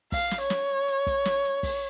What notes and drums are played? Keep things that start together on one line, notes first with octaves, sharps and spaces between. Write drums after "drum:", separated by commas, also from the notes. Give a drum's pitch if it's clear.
F5, drum: kick, open hi-hat
drum: snare
C#5
drum: snare
drum: hi-hat
drum: kick, hi-hat
drum: snare
drum: hi-hat
drum: kick, open hi-hat